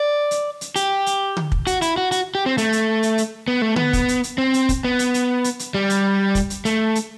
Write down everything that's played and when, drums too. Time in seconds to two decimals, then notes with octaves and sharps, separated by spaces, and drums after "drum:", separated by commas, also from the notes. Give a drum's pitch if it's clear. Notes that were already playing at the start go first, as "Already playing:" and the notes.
Already playing: D5
0.31 drum: hi-hat
0.61 drum: hi-hat
0.76 G4, drum: hi-hat
1.06 drum: hi-hat
1.37 drum: tom D3
1.52 drum: kick
1.67 F#4, drum: hi-hat
1.82 E4, drum: hi-hat
1.98 F#4
2.12 F#4, drum: hi-hat
2.35 G4
2.46 C4
2.58 A3, drum: hi-hat
2.72 drum: hi-hat
3.03 drum: hi-hat
3.18 drum: hi-hat
3.48 B3
3.62 A3
3.76 B3, drum: tom D3
3.93 drum: kick, hi-hat
4.08 drum: hi-hat
4.24 drum: hi-hat
4.38 C4
4.54 drum: hi-hat
4.69 drum: kick, hi-hat
4.85 B3
4.99 drum: hi-hat
5.14 drum: hi-hat
5.44 drum: hi-hat
5.59 drum: hi-hat
5.74 G3
5.90 drum: hi-hat
6.35 drum: kick, hi-hat
6.50 drum: hi-hat
6.65 A3, drum: hi-hat
6.95 drum: hi-hat